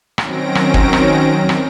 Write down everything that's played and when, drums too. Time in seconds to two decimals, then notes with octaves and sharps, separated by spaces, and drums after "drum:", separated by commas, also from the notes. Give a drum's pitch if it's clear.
0.18 D#3 F#3 C4 C#4 A#6 D7, drum: rim click
0.55 drum: rim click
0.74 drum: kick
0.93 drum: rim click
1.49 drum: rim click